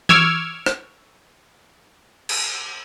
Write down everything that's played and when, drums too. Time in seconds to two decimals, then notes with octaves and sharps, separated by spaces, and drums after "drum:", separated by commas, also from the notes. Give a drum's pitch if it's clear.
0.09 C#6 D6 E6 F6 G#6, drum: tom E3
0.66 drum: rim click
2.29 drum: cymbal